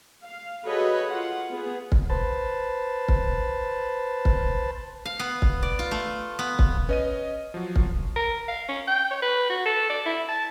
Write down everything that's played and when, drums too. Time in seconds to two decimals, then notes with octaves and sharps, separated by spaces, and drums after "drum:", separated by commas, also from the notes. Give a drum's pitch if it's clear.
0.24 F5
0.66 F#4 G#4 A4 B4 C#5 D#5
1.08 F4 F#5
1.51 B3 G#4
1.92 drum: kick
2.10 B4 C5 A5
3.08 drum: kick
4.25 drum: kick
5.05 F5
5.19 B3
5.42 drum: kick
5.63 D5
5.79 F4
5.91 A3
6.39 B3
6.59 drum: kick
6.89 C#4 B4 D#5 D#7
7.54 F3 F#3
7.76 drum: kick
8.16 A#4
8.48 F5
8.69 C#4
8.87 G5
9.11 C#5
9.22 B4
9.50 F#4
9.65 A4
9.89 D5
10.06 E4
10.29 A5